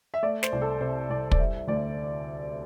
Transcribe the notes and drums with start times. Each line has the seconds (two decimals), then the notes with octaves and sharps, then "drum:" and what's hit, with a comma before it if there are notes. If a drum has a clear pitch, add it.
0.14 E5
0.23 A3 D5
0.43 C5, drum: snare
0.52 C2
0.61 A4
0.81 C3 C5
1.09 C2 D5
1.31 D5, drum: kick
1.39 G3 E5
1.67 D2 D5